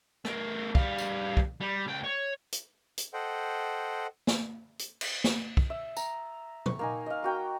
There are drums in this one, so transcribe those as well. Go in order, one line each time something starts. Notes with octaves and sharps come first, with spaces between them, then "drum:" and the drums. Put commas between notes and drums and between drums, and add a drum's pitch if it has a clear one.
A3 A#4, drum: rim click
G3 F5, drum: kick
drum: tambourine
drum: kick
G3
C#2 G5
C#5
drum: hi-hat
drum: hi-hat
A4 C5 D#5 F#5 G5
drum: snare
drum: hi-hat
drum: cymbal
drum: snare
drum: kick
E5
A#5, drum: tambourine
C#6, drum: tom A#2
A#3 D#4 G#5
D#5 F5
A#3 F#4 G5 A#5